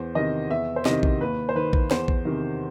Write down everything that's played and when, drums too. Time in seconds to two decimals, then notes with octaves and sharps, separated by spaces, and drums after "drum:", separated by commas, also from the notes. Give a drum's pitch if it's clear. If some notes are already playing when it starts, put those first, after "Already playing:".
Already playing: E2 C5
0.15 C3 D#3 D#5
0.50 E2 E5
0.76 C5
0.85 C3 D#3 D#5, drum: snare
1.03 drum: kick A#1
1.21 D#2 B4
1.49 C5
1.55 D#3 B4
1.73 drum: kick A#1
1.91 E2 C5, drum: snare
2.08 drum: kick A#1
2.25 C3 D#3